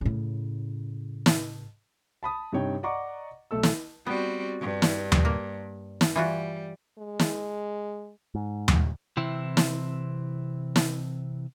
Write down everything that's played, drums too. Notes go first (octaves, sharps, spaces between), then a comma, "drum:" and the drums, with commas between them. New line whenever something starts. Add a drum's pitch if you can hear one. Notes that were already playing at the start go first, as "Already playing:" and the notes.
A2 C#3
drum: snare
A5 B5 D#6
G2 C3 D#4 C#5 G5
D5 D#5 F#5 A#5 C#6 D6
B1 A3 A4 E6
drum: snare
G3 B3 C4 F#4
G2
drum: snare
drum: tom D#2
A#3 A#4
drum: snare
E3 G3 F4 F#4
G#3
drum: snare
G#2
drum: tom D#2
C3 E3 C4 E4
drum: snare
drum: snare